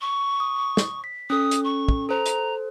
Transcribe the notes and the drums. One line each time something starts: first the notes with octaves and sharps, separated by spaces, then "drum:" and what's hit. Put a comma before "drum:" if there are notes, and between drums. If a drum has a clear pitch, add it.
C#6
D#6
drum: snare
B6
C#4 A4 D#6
drum: hi-hat
C#6
drum: kick
A4 C5 A#5
drum: hi-hat